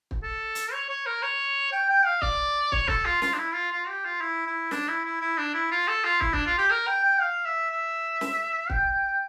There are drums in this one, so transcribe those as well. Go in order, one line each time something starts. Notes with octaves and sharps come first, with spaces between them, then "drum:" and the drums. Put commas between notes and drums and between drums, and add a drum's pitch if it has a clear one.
drum: kick
A4
drum: hi-hat
C#5
C#5
A#4
C#5
G5
G5
F5
D5, drum: kick
C#5, drum: kick
A4, drum: kick
F4
F4, drum: snare
D4
E4
F4
F4
G4
F4
E4
E4
D4, drum: snare
E4
E4
E4
D4
E4
F4
A4
F4
E4, drum: kick
D4, drum: kick
F4
G4
A#4
G5
G5
F5
E5
E5
drum: snare
G5, drum: kick